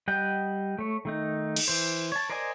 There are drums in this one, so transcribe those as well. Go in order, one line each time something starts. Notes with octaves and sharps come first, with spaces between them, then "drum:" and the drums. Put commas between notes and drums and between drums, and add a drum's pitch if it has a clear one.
G3 D#5 F#5 G5
A3 C#5
D#3 A3 D#4
drum: cymbal
E3 C5
C#5 A5
A#4 C5 D5 D#5 G#5